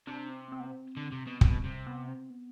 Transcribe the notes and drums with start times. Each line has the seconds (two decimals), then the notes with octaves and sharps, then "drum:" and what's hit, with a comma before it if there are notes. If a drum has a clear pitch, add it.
0.07 C3 D4
0.29 C4
0.52 C4
0.60 B3
0.66 C4
0.97 D3
1.12 C3
1.27 B2
1.41 B2, drum: kick
1.64 C3
1.87 B3
2.08 C4
2.30 B3